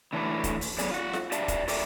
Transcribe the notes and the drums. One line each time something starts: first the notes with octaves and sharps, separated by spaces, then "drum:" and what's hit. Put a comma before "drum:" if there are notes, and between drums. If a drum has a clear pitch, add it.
D3 E3 F#3 A3 D4 B4
drum: kick, hi-hat
drum: open hi-hat
F#3 B3 D4 G#4 D5, drum: hi-hat
F4 F#5
drum: snare F4
G4 D5 E5 A5, drum: hi-hat
drum: kick, hi-hat
F#4 A4 A#4 D5 E5 G5, drum: open hi-hat